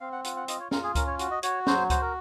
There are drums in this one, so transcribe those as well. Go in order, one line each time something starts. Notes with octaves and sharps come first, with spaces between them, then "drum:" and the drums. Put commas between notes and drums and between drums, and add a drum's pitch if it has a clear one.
C4 F5
F#5
F4 F#5, drum: hi-hat
F#5
F4 D#5, drum: hi-hat
C#5
F4 A#4, drum: snare
G#4
C#4 A#4, drum: kick C#2, hi-hat
C#5
F#4, drum: hi-hat
D#5
F#4 C#5, drum: hi-hat
F#3 C5, drum: snare
F#4 C5, drum: kick C#2, hi-hat
A#4